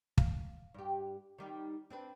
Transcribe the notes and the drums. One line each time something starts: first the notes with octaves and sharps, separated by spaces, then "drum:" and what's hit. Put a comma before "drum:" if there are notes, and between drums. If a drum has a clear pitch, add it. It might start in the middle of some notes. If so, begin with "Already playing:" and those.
F5, drum: kick
G2 G4
D#3 G3 D#4
C4 D4 B4